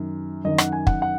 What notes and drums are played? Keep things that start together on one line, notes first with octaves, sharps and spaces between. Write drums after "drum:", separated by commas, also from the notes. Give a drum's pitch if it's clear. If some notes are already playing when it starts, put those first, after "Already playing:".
Already playing: F#2 D#3
F#2 D#3 D#5
F#5, drum: rim click
G#5
F#5, drum: kick
F#5